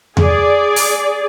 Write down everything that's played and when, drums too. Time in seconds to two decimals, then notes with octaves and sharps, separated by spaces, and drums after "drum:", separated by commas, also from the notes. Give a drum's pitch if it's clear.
0.17 G#4 D5, drum: tom E2
0.76 drum: open hi-hat